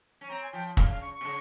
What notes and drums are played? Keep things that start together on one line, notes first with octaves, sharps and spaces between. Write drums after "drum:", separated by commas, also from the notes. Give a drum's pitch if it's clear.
C#4
C4 A#5
G#5
F3 G5
C#3 F5, drum: kick
F5
C#6
C#6
C3
C#3